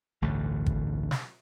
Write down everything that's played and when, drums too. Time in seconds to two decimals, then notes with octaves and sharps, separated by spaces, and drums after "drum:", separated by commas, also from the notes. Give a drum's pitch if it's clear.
0.22 A1 D2 G2 D3
0.66 drum: kick
1.11 drum: snare